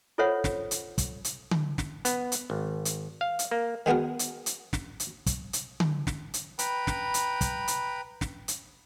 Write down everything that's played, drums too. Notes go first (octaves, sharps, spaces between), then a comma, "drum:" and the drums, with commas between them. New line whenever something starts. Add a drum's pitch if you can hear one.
F4 A4 C5 C#5 E5 F#5
drum: snare
drum: hi-hat
drum: kick, hi-hat
drum: hi-hat
drum: tom D3
drum: snare
B3, drum: hi-hat
drum: hi-hat
G#1
drum: hi-hat
F5
drum: hi-hat
A#3
D#3 G#3 B3 F#4 A#4
drum: hi-hat
drum: hi-hat
drum: snare
drum: hi-hat
drum: kick, hi-hat
drum: hi-hat
drum: tom D3
drum: snare
drum: hi-hat
B4 G5 A#5 B5, drum: hi-hat
drum: snare
drum: hi-hat
drum: kick, hi-hat
drum: hi-hat
drum: snare
drum: hi-hat